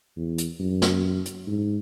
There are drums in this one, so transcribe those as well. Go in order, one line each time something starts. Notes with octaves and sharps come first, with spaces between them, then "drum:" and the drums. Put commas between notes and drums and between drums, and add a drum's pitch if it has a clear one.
E2
drum: hi-hat
F#2
drum: snare
drum: hi-hat
G#2